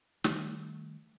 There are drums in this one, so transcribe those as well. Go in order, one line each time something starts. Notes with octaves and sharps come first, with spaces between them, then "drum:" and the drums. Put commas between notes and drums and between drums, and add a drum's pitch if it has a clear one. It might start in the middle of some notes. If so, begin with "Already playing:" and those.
D#3 G3 A3, drum: snare